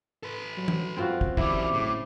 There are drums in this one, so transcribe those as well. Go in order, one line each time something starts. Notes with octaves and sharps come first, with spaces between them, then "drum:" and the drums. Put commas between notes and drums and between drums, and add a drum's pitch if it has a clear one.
A4 B4
F#3
drum: tom
F#2 C4 F4 F#4
drum: kick
E2 G3 E4 D6, drum: kick
A2 C#3